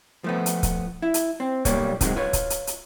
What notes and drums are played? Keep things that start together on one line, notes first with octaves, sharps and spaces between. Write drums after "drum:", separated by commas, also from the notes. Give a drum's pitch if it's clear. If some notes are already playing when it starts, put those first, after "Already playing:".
F3 A3 B3
drum: hi-hat
drum: kick C#1, hi-hat
E4
drum: hi-hat
C4
B1 A#2 F#3 G3 A#3 C#5, drum: kick C#1, hi-hat
C3 D#3 F#3 G#3, drum: kick C#1, hi-hat
F4 B4 C#5
drum: kick C#1, hi-hat
drum: hi-hat
drum: hi-hat